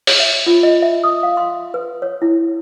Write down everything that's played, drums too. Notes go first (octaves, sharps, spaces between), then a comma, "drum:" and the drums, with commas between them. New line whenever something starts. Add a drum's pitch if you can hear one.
C#5, drum: open hi-hat
E5
F4
D#5
E5
D#6
F5
C6
B4
C#5
E4